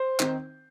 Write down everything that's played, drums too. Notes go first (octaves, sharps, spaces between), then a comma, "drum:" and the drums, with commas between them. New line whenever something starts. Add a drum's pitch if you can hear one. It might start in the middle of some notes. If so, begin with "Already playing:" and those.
Already playing: C5
D#3 C4 D#4, drum: clap